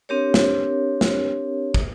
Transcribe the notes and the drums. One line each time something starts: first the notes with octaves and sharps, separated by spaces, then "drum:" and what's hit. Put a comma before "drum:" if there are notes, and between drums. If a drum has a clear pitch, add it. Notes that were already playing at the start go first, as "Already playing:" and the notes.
C4 D4 G4 A#4 C#5
drum: snare
drum: snare
drum: kick